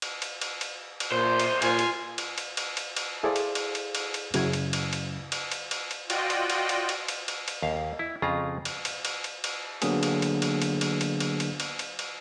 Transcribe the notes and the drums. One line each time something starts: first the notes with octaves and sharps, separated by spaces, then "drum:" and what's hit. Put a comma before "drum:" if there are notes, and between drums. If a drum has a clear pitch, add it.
drum: cymbal
drum: cymbal
drum: cymbal
drum: cymbal
drum: cymbal
B1 A#2 C5
drum: cymbal
A#2 F4 G#5, drum: cymbal
drum: cymbal
drum: cymbal
drum: cymbal
drum: cymbal
drum: cymbal
drum: cymbal
E4 G#4 A4 C5 D5 F5
drum: cymbal
drum: cymbal
drum: cymbal
drum: cymbal
drum: cymbal
F#2 C#3 F#3 C#4 E4 G#6, drum: cymbal
drum: cymbal
drum: cymbal
drum: cymbal
drum: cymbal
drum: cymbal
drum: cymbal
drum: cymbal
F4 F#4 D5 D#5 G5, drum: cymbal
drum: cymbal
drum: cymbal
drum: cymbal
drum: cymbal
drum: cymbal
drum: cymbal
drum: cymbal
D#2 F5
E4
F2 C#3 F4 G#4 A#5
drum: cymbal
drum: cymbal
drum: cymbal
drum: cymbal
drum: cymbal
D3 F#3 A#3 B3 D4 G#4, drum: cymbal
drum: cymbal
drum: cymbal
drum: cymbal
drum: cymbal
drum: cymbal
drum: cymbal
drum: cymbal
drum: cymbal
drum: cymbal
drum: cymbal
drum: cymbal